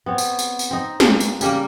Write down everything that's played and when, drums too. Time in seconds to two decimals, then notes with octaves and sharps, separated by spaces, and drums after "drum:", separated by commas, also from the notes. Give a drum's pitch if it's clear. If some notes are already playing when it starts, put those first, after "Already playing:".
0.06 B3 C4 C#5
0.18 drum: tambourine
0.39 drum: tambourine
0.59 drum: tambourine
0.71 C4 D#4
1.00 drum: snare
1.20 drum: tambourine
1.41 C#3 G3 A#3, drum: tambourine